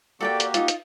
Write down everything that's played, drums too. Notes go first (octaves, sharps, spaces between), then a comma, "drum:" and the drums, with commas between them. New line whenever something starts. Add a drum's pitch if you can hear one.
A#3 F#4 G4 A4 D5 G5
drum: hi-hat
D#4 F4, drum: hi-hat
drum: hi-hat